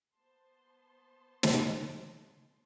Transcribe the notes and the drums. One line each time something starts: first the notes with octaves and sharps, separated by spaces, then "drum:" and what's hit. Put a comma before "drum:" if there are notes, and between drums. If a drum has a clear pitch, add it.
B3 C5 A5 C6
drum: snare